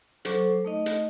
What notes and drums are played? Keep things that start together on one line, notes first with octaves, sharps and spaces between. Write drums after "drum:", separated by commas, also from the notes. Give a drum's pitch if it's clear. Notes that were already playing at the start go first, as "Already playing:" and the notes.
F#3 A4 C5 C#6 D6, drum: hi-hat
A3 D#4 D#5
drum: hi-hat